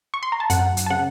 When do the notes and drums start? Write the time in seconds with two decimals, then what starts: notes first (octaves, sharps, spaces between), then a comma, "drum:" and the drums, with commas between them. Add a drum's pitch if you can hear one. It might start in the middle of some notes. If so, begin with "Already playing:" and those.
0.14 C#6
0.23 C6
0.32 A#5
0.40 A5
0.50 F#2 F#5, drum: hi-hat
0.77 drum: hi-hat
0.86 A5
0.90 C#3 F#5